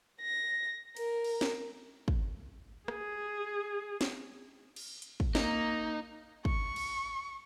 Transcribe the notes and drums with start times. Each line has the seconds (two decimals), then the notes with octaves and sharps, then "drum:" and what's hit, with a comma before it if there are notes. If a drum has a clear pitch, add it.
0.21 A#6
0.97 A#4, drum: cymbal
1.24 drum: cymbal
1.41 drum: snare
2.08 drum: kick
2.88 G#4, drum: rim click
4.01 drum: snare
4.76 drum: cymbal
5.02 drum: hi-hat
5.20 drum: kick
5.35 A#3 D#4, drum: snare
6.45 C#6, drum: kick
6.76 drum: cymbal